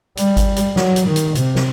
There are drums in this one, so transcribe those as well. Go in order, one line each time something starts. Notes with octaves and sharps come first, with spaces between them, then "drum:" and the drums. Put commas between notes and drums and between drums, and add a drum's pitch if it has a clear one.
G3, drum: hi-hat
drum: kick G#1, hi-hat
drum: hi-hat
F#3, drum: snare
drum: hi-hat
D#3
drum: hi-hat
C3, drum: hi-hat
drum: snare